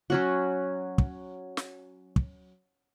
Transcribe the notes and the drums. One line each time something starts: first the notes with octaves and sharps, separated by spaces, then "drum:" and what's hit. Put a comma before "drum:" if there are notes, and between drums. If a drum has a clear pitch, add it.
F#3 C#4 F#4
drum: kick
drum: snare
drum: kick